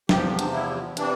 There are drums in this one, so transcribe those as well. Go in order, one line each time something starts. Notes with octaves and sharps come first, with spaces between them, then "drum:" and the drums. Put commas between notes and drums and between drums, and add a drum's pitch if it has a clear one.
E2 C3 F3 G4, drum: snare
drum: hi-hat
E4
C3 E3 D4, drum: hi-hat